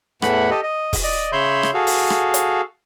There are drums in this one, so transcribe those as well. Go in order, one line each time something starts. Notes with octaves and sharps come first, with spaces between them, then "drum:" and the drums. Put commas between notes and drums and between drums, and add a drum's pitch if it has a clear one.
E2 A2 E3 A3 F#5 B5, drum: rim click
G4 A4 D#5
D#5
drum: kick, open hi-hat
D5 D#5
C#3 C#5 E5 B5 C6 G6
drum: rim click
F#4 G#4 A4 F5
drum: open hi-hat
drum: rim click
drum: hi-hat